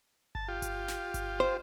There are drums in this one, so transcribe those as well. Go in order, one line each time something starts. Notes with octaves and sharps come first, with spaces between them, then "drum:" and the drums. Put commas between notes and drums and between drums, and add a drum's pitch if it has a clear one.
A5, drum: kick G1
F4 G4
drum: kick G1, hi-hat
drum: snare
drum: kick G1, hi-hat
C5